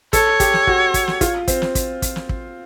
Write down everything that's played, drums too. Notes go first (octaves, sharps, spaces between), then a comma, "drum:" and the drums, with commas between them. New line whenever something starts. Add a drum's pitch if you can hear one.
A4 C#5, drum: kick, hi-hat
G4, drum: kick, hi-hat
drum: snare
F#4, drum: kick
drum: kick, hi-hat
drum: snare
F4, drum: kick, hi-hat
C4, drum: kick, hi-hat
drum: snare
drum: kick, hi-hat
drum: kick, hi-hat
drum: snare
drum: kick